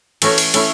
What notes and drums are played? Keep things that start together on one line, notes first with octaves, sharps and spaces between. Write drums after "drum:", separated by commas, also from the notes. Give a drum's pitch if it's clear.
E3 A3 C#4 F#4 C#5, drum: cymbal
drum: cymbal
A3 C#4 E4, drum: cymbal